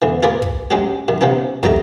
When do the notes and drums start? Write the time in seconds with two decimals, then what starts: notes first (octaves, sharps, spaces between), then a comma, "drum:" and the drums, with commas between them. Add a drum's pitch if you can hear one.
0.02 E2 D3 E3
0.23 F4 G#4 A#4 B4 D5
0.42 drum: kick
0.71 F#3 G#3 C#4 D4 G4
1.08 F#2 D#3
1.21 C3 F3 B3 C#4 D#4
1.63 F2 F#3 G3 A3 D#4 A#5, drum: kick